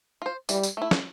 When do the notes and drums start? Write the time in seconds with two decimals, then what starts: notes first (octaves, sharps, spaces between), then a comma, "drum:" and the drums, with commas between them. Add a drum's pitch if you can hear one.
0.22 F4 C5
0.49 E3 G3, drum: tambourine
0.63 drum: tambourine
0.77 A3 E4
0.91 drum: snare